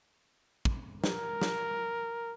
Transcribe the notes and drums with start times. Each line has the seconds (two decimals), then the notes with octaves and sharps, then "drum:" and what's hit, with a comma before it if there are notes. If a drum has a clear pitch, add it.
0.65 drum: kick
1.04 A#4, drum: snare
1.41 drum: snare